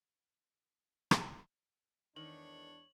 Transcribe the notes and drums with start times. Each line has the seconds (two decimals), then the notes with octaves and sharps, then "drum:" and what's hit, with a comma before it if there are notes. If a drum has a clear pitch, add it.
1.11 drum: rim click
2.16 E2 D#3 G#3 D4 C#5 F#7